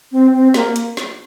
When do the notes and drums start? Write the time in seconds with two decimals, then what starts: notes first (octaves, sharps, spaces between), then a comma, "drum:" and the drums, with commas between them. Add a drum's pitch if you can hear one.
0.12 C4
0.33 C4
0.54 A#3, drum: snare
0.76 drum: hi-hat
0.97 drum: snare